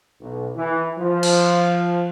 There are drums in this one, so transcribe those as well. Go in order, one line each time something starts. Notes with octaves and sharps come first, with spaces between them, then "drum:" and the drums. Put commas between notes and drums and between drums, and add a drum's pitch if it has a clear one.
B1
E3
F3
drum: cymbal